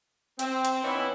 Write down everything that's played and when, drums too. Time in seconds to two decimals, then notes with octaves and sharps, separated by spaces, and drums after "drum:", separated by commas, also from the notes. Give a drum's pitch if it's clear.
0.39 C4, drum: hi-hat
0.65 drum: hi-hat
0.84 E3 B3 C#4 D#4 E4